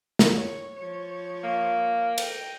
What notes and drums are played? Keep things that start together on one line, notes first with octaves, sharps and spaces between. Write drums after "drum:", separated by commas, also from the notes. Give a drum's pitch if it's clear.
drum: snare
C#5
F3 C#5
A#3
D#5 G5, drum: cymbal